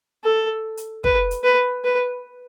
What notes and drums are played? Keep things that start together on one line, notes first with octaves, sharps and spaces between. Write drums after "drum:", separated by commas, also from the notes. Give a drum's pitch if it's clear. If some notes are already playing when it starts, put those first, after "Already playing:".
A4
drum: hi-hat
B4, drum: kick
drum: hi-hat
B4
B4